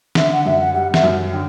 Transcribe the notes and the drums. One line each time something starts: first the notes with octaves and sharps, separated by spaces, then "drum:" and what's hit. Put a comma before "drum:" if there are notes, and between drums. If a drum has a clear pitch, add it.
D3 E5, drum: snare
F#5
F#2 E5
F#5
G3 F#5
E5, drum: snare
F#2
D3 G5